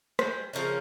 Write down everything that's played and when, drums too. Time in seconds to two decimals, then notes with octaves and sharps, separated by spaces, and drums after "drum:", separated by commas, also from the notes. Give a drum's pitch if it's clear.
0.19 G3 G#3, drum: rim click
0.53 C#3 F3 A#3 C#4